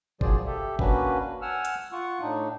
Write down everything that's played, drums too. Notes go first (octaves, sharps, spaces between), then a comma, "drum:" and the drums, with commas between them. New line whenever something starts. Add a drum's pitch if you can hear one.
D#3 F3 F#3 G#4 C5 D5, drum: kick G1
G4 A4 E5
A#3 C#4 D4 F#4 B4, drum: kick G1
F#5 G#5 E6 F6
drum: hi-hat
F4 F#5 C#6
A2 D4 D#4